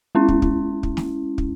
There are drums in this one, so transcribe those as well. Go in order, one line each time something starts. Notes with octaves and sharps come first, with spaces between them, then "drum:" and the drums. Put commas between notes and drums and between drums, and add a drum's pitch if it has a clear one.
G#3 C#4 E4
drum: kick
drum: kick
drum: kick
drum: snare
drum: kick